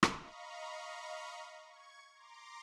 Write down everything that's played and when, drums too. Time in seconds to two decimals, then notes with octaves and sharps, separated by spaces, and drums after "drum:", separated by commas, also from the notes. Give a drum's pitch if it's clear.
0.03 drum: rim click
0.12 D#5 F5 A#5 B5 C#6
1.68 C#6 G#6
2.14 A#5 C6 D6